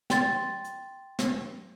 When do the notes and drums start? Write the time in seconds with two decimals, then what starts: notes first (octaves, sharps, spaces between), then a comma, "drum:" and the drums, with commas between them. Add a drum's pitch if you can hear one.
0.10 G5 C6 A6, drum: snare
0.64 drum: hi-hat
1.19 drum: snare